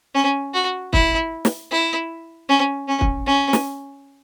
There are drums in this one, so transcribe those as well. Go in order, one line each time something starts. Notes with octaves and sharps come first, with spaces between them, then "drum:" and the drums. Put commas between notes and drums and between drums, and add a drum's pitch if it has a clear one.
C#4
F#4
E4, drum: kick
drum: snare
E4
C#4
C#4
drum: kick
C#4
drum: snare